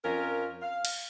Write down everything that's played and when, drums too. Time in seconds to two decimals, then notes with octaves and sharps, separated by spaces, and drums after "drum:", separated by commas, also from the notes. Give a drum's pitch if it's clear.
0.04 F2 C#4 F4 A#4
0.62 F5
0.85 drum: cymbal